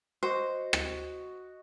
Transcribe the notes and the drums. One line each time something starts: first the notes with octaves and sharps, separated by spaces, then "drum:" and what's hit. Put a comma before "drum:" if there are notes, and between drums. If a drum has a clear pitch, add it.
F#4 C5 D#5
drum: rim click